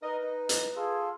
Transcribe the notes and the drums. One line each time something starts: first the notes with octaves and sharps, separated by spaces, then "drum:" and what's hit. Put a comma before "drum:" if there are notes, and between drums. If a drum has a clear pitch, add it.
D#4 A#4 B4 D#5
D#4
drum: hi-hat
F4 G#4 A4